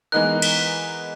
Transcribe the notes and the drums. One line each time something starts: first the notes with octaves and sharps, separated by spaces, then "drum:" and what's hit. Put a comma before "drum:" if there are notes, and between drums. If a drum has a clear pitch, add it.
E3 G#3 B3 D#4 A#4 F#6
B6, drum: cymbal